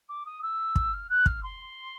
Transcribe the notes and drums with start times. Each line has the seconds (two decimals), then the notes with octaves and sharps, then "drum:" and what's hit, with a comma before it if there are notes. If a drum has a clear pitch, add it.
0.08 D6
0.25 D#6
0.42 E6
0.76 drum: kick
0.93 F6
1.09 F#6
1.26 F6, drum: kick
1.43 C6